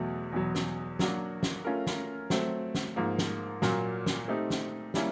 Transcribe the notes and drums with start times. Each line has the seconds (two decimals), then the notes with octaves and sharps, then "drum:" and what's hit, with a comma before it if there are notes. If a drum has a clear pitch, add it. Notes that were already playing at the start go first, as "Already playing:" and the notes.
Already playing: E2 B2 F#3 A3
0.32 E2 B2 F#3
0.55 drum: snare
0.99 F#3 A#3 D4 F#4, drum: snare
1.43 drum: snare
1.65 A3 C#4 F4 A#4
1.87 drum: snare
2.30 F#3 A3 C4, drum: snare
2.75 drum: snare
2.96 G#2 F3 A#3
3.18 drum: snare
3.62 A#2 F#3 A#3, drum: snare
4.06 drum: snare
4.28 A3 C4 D#4 G4
4.50 drum: snare
4.94 G3 A#3 C#4 E4, drum: snare